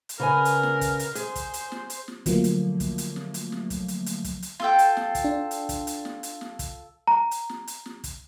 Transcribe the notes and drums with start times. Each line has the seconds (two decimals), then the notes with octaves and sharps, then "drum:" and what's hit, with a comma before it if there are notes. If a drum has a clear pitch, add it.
0.09 drum: hi-hat
0.20 C#3 A#4 B4 G#5
0.45 drum: hi-hat
0.63 drum: snare
0.81 drum: kick, hi-hat
0.99 drum: hi-hat
1.15 G#4 C5, drum: hi-hat
1.35 drum: kick, hi-hat
1.54 drum: hi-hat
1.72 drum: snare
1.90 drum: hi-hat
2.08 drum: snare
2.26 D3 F3 F#3 A3 A#3, drum: kick, hi-hat
2.44 drum: hi-hat
2.80 drum: kick, hi-hat
2.98 drum: hi-hat
3.16 drum: snare
3.34 drum: hi-hat
3.52 drum: snare
3.70 drum: kick, hi-hat
3.88 drum: hi-hat
4.06 drum: hi-hat
4.24 drum: kick, hi-hat
4.42 drum: hi-hat
4.60 F4 A4 G5, drum: snare
4.79 drum: hi-hat
4.97 drum: snare
5.15 drum: kick, hi-hat
5.24 D4
5.51 drum: hi-hat
5.69 drum: kick, hi-hat
5.87 drum: hi-hat
6.05 drum: snare
6.23 drum: hi-hat
6.41 drum: snare
6.59 drum: kick, hi-hat
7.07 A#5
7.31 drum: hi-hat
7.49 drum: snare
7.67 drum: hi-hat
7.86 drum: snare
8.04 drum: kick, hi-hat